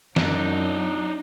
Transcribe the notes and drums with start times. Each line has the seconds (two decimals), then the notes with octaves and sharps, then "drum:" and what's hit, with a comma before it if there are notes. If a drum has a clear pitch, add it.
0.16 F#2 F#3 D4 D#4, drum: snare